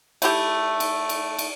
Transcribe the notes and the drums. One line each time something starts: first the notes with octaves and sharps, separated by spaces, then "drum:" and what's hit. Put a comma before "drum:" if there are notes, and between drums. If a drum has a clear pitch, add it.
A3 E4 G4, drum: cymbal
drum: cymbal
drum: cymbal
drum: cymbal